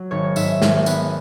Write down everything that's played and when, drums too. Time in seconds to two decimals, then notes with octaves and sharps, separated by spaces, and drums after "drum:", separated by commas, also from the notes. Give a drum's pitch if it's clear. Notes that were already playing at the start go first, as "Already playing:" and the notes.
Already playing: F#3
0.11 G#1 C#5
0.36 G#2 E5, drum: tambourine
0.62 G#1, drum: snare
0.86 B3, drum: tambourine